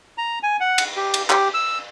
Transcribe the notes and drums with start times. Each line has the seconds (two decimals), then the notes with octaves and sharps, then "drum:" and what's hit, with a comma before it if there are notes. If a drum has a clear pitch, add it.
0.18 A#5
0.43 G#5
0.60 F#5
0.78 drum: cymbal
0.96 G4
1.14 drum: cymbal
1.30 G4, drum: clap
1.54 E6